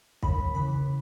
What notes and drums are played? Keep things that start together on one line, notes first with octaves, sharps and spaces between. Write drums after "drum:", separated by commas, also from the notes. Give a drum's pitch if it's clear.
D#2 B5, drum: kick
C#3 E3 B5